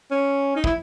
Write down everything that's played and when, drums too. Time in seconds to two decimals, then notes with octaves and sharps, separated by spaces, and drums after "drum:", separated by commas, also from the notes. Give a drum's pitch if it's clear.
0.11 C#4
0.56 D#4
0.64 E4, drum: kick